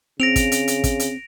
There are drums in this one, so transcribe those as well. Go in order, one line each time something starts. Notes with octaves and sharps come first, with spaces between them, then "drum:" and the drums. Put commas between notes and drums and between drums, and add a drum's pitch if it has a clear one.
C#3 C4 A#6 D7 F7
drum: kick, hi-hat
drum: hi-hat
drum: hi-hat
drum: kick, hi-hat
drum: hi-hat